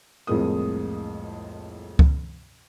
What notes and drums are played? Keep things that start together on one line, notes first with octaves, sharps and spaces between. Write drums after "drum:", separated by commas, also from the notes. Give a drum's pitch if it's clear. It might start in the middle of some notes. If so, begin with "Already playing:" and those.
C2 F2 A2 G#3 A#3 D#6
drum: kick C#2